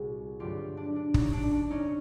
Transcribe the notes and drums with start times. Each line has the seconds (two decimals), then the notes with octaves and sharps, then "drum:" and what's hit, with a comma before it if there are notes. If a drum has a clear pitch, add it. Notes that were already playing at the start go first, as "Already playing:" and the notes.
Already playing: C2 A#2 F#4 G#4
0.40 G2 D3 F#3 A3 F4 G4
0.77 D4
0.96 D4
1.14 C#4 D#4, drum: kick
1.33 D4
1.52 D4
1.70 C#4 D#4